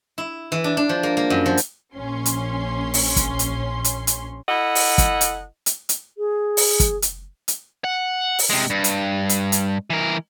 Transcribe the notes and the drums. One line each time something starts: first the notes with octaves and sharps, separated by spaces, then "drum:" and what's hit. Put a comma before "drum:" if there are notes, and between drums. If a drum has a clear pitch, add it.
E4
E3
D4
D4
F3
A#3
A#3
F#2
F3
drum: hi-hat
A#1 C#4 C6
drum: hi-hat
drum: open hi-hat
drum: kick, hi-hat
drum: hi-hat
drum: hi-hat
drum: hi-hat
E4 A4 D#5 F#5
drum: open hi-hat
drum: kick, hi-hat
drum: hi-hat
drum: hi-hat
drum: hi-hat
G#4
drum: open hi-hat
drum: kick, hi-hat
drum: hi-hat
drum: hi-hat
F#5
drum: open hi-hat
C3 G#3
G2
drum: hi-hat
drum: hi-hat
drum: hi-hat
E3 A#4